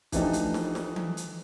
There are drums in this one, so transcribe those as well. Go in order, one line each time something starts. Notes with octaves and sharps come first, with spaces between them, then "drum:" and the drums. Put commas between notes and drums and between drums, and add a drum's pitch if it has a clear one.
E3 F3 A3 D4 D#4 G4, drum: kick, hi-hat
drum: hi-hat
drum: snare
drum: snare
drum: tom E3
drum: hi-hat